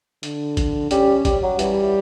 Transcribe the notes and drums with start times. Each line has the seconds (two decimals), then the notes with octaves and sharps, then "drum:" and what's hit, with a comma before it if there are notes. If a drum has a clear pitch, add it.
0.23 D3, drum: hi-hat
0.57 drum: kick, hi-hat
0.91 G3 C#4, drum: hi-hat
1.25 G3, drum: kick, hi-hat
1.43 F#3
1.59 E3 G3, drum: hi-hat